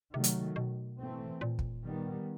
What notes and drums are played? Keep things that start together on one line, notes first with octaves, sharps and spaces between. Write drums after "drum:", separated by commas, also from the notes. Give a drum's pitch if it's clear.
C3 D#3 F#3 A3
drum: hi-hat
B2
E3 A3 C4
A#2
drum: kick
D#3 G3 B3